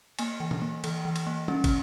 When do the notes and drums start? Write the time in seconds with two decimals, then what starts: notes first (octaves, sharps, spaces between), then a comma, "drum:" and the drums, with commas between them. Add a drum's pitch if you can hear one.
0.19 A#3 G#5, drum: cymbal
0.40 E3
0.51 drum: tom A#2
0.62 A#3
0.84 E3, drum: cymbal
1.05 E3
1.16 drum: cymbal
1.27 A#3
1.48 C#4, drum: tom G3
1.64 drum: kick, cymbal